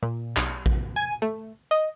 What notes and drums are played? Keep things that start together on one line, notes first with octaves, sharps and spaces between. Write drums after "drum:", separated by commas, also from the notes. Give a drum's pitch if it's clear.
A#2
B1, drum: clap
drum: kick A#1
G#5
A3
D#5